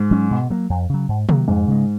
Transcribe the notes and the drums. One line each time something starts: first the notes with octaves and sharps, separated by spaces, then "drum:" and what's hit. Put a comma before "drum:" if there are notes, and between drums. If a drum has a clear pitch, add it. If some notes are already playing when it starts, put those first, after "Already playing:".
Already playing: G#2
F#3 C#4
B2
F#3 A#3
F2
C#3 F#3
G#2
D#3 F#3 A#3, drum: tom C3
F2 G#2
C#3 G#3